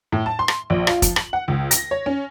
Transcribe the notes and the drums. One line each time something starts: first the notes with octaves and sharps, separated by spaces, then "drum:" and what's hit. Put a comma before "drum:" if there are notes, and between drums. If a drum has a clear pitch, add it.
A2
A5
C6
drum: rim click
A#1
F4, drum: rim click
F3, drum: kick, hi-hat
F#7, drum: rim click
F#5
C#2
A#6, drum: hi-hat
C#5
C#4